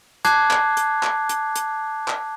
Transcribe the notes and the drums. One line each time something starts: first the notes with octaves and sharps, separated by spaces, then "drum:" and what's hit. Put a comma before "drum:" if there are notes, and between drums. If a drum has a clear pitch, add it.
A5 D6 F#6 G#6 C7, drum: hi-hat
drum: clap
drum: hi-hat
drum: clap
drum: hi-hat
drum: hi-hat
drum: clap